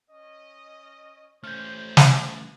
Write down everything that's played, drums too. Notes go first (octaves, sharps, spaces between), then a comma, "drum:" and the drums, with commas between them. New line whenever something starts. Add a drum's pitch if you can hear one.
C#4 D#5
A3 C#4 C5 F6 G6
drum: snare